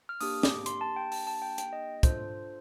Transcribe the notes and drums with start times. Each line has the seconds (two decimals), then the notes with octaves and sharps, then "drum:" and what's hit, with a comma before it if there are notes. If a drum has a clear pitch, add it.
0.09 F6
0.21 A#3 D4 G4 D#6, drum: open hi-hat
0.43 D6, drum: snare
0.66 C6, drum: hi-hat
0.81 A5
0.96 G5
1.12 A5, drum: open hi-hat
1.27 A5
1.42 G5
1.58 G5, drum: hi-hat
1.73 D#5
2.03 D4 F4 A4 C5, drum: kick, hi-hat